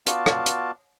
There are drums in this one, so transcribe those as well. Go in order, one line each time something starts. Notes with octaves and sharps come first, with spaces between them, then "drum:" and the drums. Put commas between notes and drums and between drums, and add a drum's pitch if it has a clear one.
B3 F4 F#4 D5 F5 A5, drum: hi-hat
drum: rim click
drum: hi-hat